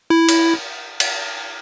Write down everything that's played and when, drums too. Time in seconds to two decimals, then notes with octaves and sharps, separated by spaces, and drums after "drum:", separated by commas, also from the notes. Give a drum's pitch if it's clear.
0.10 E4
0.29 drum: cymbal
1.00 drum: cymbal